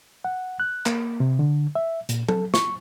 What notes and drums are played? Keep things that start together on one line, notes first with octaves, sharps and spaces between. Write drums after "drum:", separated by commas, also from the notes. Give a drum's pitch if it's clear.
F#5
F#6
A#3, drum: clap
C3
D3
E5
A#2, drum: hi-hat
A4, drum: tom F#3
C#6, drum: snare